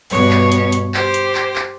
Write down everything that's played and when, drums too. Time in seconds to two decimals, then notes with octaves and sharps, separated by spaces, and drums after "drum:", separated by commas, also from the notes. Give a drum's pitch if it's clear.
0.10 G2 B2 C#5, drum: open hi-hat
0.31 drum: clap
0.52 drum: hi-hat
0.72 drum: hi-hat
0.94 G4 C5, drum: clap
1.14 drum: hi-hat
1.35 drum: clap
1.56 drum: clap